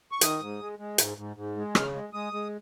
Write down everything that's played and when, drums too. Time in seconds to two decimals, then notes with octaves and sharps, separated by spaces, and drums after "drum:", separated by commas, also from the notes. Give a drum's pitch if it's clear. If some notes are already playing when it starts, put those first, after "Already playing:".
0.12 C#6
0.21 D#3 D#6, drum: hi-hat
0.41 G#2
0.60 G#3
0.79 G#3
0.98 G#2, drum: hi-hat
1.17 G#2
1.36 G#2
1.57 G#3
1.75 C#3 F6, drum: rim click
1.94 G#3
2.13 G#3 D#6
2.33 G#3